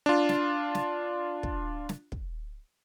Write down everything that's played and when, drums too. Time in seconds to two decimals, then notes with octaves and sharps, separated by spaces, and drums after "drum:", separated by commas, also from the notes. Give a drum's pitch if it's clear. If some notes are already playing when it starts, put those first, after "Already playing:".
0.06 D4 F4
0.29 drum: snare
0.75 drum: snare
1.43 drum: kick
1.89 drum: snare
2.12 drum: kick